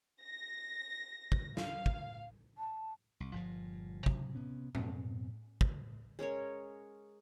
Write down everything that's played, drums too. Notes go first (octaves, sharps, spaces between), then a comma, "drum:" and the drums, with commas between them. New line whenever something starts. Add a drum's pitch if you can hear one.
A#6
drum: kick
F5, drum: snare
drum: kick
A5
C2
G1 G2 A#2 F3
C3 F#3, drum: kick
C3 B3 C#4
F#2 B2 C4, drum: tom A2
drum: kick
G#3 C#4 A#4 C#5